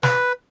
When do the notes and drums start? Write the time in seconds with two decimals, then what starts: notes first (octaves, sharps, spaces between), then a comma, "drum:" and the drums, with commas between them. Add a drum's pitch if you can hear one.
0.03 B4, drum: snare